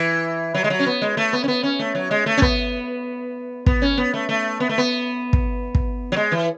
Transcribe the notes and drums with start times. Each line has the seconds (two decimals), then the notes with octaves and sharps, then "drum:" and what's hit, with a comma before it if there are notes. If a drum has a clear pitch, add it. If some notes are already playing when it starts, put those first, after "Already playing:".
Already playing: E3
0.55 F#3
0.64 G#3
0.70 F#3
0.79 C#4
0.86 B3
1.02 G#3
1.17 A3
1.33 B3
1.44 C#4
1.48 B3
1.63 C#4
1.79 A3
1.95 F#3
2.11 G#3
2.26 A3
2.37 C#4
2.42 B3, drum: kick
3.66 B3, drum: kick
3.82 C#4
3.98 B3
4.14 A3
4.29 A3
4.60 B3
4.69 A3
4.78 B3
5.33 drum: kick
5.75 drum: kick
6.12 F#3
6.16 G#3
6.32 E3